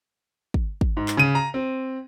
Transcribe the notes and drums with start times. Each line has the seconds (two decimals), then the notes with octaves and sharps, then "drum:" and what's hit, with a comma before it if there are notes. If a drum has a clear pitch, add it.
0.54 drum: kick
0.81 drum: kick
0.97 G#2
1.08 drum: clap
1.17 C#3 D#7
1.35 A#5
1.54 C4